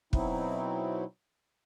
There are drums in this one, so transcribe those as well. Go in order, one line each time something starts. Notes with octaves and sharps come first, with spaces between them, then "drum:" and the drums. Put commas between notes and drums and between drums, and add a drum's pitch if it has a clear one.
B2 F#3 C4 D#4 E4, drum: kick